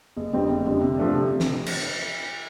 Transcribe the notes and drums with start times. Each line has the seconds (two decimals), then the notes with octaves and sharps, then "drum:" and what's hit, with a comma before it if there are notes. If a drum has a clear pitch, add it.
0.17 F#1
0.33 F2 D3 G3 C4
0.49 F#1
0.65 F2 D3 G3 C4
0.81 C3
0.97 F3 A3 D4
1.13 C3
1.40 drum: snare
1.66 drum: cymbal